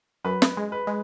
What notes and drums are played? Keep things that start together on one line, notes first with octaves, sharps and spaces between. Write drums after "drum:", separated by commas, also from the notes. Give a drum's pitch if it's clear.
F#2 B4
drum: snare
G#3
B4
G#3